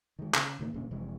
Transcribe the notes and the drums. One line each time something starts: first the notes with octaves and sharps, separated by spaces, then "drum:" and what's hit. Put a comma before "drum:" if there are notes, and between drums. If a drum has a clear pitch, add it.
D#3 G#3
C#3, drum: clap
A2 D#3 G3 A#3
A1 G2 A#2 C#3
F1 C3 E3 G#3